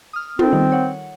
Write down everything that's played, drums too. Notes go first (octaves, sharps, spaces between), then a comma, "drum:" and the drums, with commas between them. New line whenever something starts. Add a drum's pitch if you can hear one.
D#6 F6
C4 F4 A4 A#4, drum: tom
D#3 G3 D#4
C#5 F#5